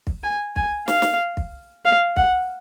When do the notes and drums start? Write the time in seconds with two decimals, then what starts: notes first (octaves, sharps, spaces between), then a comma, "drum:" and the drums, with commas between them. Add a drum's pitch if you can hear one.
0.07 drum: kick
0.23 G#5
0.56 G#5, drum: kick
0.88 F5, drum: snare
1.02 drum: snare
1.37 drum: kick
1.85 F5
2.17 F#5, drum: kick